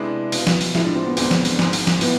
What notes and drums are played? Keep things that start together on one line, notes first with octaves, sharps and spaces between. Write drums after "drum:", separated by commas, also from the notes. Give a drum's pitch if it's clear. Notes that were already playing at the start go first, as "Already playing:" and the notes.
Already playing: C3 G#3 B3 D4 E4
B2 B3 F4, drum: open hi-hat
drum: snare
drum: open hi-hat
A2 F3 G#3 E4, drum: snare
D4
C4
B3
E1 E2 D3 G#3 C4, drum: open hi-hat
drum: snare
drum: open hi-hat
G#1 G#2 G#3 C4, drum: snare
drum: open hi-hat
drum: snare
A2 E3 B3, drum: open hi-hat